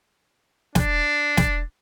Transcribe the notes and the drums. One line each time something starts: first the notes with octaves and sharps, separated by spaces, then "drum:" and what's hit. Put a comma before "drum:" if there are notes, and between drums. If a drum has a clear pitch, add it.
D4, drum: snare
drum: snare